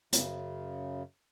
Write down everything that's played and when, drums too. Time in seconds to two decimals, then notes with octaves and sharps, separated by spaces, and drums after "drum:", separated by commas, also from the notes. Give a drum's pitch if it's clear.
0.13 F#2 C#3, drum: hi-hat